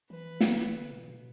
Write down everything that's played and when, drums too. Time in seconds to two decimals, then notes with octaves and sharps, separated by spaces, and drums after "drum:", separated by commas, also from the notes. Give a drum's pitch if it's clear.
0.10 E3 B4
0.40 drum: snare
0.77 D3
0.92 B2
1.08 B2